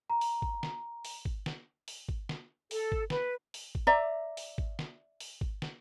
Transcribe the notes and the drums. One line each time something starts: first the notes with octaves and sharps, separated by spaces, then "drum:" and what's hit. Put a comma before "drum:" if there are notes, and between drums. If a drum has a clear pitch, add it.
A#5
drum: open hi-hat
drum: kick
drum: snare
drum: open hi-hat
drum: kick
drum: snare
drum: open hi-hat
drum: kick
drum: snare
A4, drum: open hi-hat
drum: kick
B4, drum: snare
drum: open hi-hat
drum: kick
D5 E5 A#5
drum: open hi-hat
drum: kick
drum: snare
drum: open hi-hat
drum: kick
drum: snare